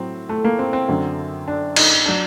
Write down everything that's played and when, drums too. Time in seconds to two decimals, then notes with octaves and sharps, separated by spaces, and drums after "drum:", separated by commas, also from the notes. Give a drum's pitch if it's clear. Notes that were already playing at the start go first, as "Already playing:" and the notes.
Already playing: A2 F#3 C4
0.29 A3
0.45 A#3
0.59 C4
0.73 C4
0.88 F#2 D3 F#3
1.48 D4
1.76 D#4, drum: cymbal
2.06 F#3 D4